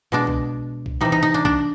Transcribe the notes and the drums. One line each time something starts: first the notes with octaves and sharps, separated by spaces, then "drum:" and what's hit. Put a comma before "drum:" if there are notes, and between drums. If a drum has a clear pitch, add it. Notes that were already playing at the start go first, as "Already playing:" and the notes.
B2 G#3 D4
drum: kick B1
drum: kick B1
C3 E3 G3 D#4
D#4
D#4
D4
D4, drum: kick B1